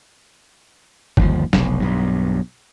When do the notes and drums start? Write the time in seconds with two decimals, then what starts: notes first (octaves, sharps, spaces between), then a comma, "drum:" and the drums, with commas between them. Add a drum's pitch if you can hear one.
1.17 G1 D#2 F3, drum: kick G1
1.53 F1 B1, drum: snare
1.79 B1 G2